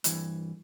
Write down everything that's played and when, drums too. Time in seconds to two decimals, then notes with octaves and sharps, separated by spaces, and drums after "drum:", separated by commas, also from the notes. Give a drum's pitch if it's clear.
0.04 G2 E3, drum: hi-hat